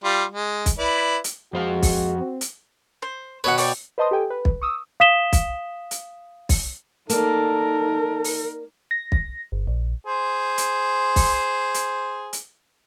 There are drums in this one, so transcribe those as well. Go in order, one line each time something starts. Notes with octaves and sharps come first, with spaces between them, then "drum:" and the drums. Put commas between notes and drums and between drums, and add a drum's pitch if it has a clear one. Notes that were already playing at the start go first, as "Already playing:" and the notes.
G3 F4
G#3
drum: kick, hi-hat
E4 B4 D5
drum: hi-hat
F2 G#3 F#4 C5 F5
drum: kick, open hi-hat
C4
drum: hi-hat
C5
B2 B4 C#5 F#5
C#5 D5 G5, drum: open hi-hat
B4 C5 D#5 A5 C6 D#6
G4 A4 G5 G#5
B4
drum: kick
C#6 D#6 E6
F5 D#6 B6 E7 G7
drum: kick, hi-hat
drum: hi-hat
drum: kick, open hi-hat
A#3 D#4 A4 A#4 D5, drum: hi-hat
drum: open hi-hat
A#6
drum: kick
G1
A#1
G#4 C5
drum: hi-hat
drum: kick, open hi-hat
drum: hi-hat
drum: hi-hat